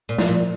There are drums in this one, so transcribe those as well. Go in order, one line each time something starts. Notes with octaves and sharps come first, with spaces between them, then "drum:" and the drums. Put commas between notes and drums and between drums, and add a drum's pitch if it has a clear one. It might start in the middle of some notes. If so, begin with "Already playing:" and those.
A#2
F3, drum: snare
A#2